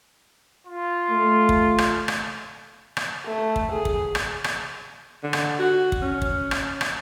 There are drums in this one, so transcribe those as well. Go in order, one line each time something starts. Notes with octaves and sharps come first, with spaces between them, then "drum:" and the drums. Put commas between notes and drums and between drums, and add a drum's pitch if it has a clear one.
F4
A3
drum: kick
drum: rim click
drum: rim click
drum: rim click
A3
drum: kick
G#4
drum: kick
drum: rim click
drum: rim click
D3
drum: rim click
F#4
drum: kick
C#4
drum: kick
drum: rim click
drum: rim click